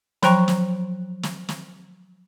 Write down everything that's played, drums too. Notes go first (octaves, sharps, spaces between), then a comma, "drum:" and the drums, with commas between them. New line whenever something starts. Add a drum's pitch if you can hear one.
F3 F#3 C5 G5 A#5 C#6, drum: snare
drum: snare
drum: snare
drum: snare